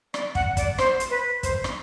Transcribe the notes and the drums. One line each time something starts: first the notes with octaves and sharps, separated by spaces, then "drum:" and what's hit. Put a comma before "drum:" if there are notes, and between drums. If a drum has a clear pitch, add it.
D5, drum: rim click
F#5, drum: kick
D5, drum: kick, hi-hat
C5, drum: rim click
drum: hi-hat
B4
C5, drum: kick, hi-hat
drum: rim click